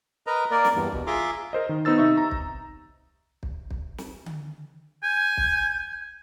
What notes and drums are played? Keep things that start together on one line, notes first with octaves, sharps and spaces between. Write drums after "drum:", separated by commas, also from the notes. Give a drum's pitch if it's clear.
A#4 B4 D#5 A#5
A#3 A#4 D5
drum: snare
E2 G2
B2, drum: kick
F4 G#4 E5 A#5 C6 D6
A#4 C5 D#5
D#3
B3 D#4 C5 E6 A6
C3 D#4 E5 C#6
A#5
drum: kick
drum: kick
drum: kick
drum: snare
drum: tom D3
G#5 G6
drum: kick